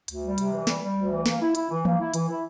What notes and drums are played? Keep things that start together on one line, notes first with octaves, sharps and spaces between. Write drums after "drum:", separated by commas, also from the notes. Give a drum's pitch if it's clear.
D2, drum: hi-hat
G3
C3, drum: hi-hat
E3
G3, drum: snare
G3
D2
E3
A#3, drum: snare
E4
E4, drum: hi-hat
E3
A#3, drum: tom E3
E4
E3, drum: hi-hat
E4